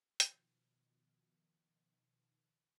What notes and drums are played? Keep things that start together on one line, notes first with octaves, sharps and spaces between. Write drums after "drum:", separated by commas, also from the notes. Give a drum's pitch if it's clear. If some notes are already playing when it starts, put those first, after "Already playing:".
B2 D#3 F3, drum: hi-hat